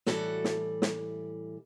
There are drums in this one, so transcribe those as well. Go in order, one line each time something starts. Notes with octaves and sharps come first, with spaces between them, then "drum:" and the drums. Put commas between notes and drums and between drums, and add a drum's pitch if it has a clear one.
A2 E3 G3 F#4 A4, drum: snare
drum: snare
drum: snare